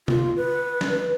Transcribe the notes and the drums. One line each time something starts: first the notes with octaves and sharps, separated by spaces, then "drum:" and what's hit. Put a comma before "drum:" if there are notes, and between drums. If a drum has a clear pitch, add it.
F4, drum: tom C3
B4
drum: snare